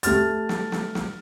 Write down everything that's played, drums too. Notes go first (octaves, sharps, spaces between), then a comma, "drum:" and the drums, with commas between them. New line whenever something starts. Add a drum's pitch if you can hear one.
A3 G4 F6 A6, drum: hi-hat
drum: snare
drum: snare
drum: snare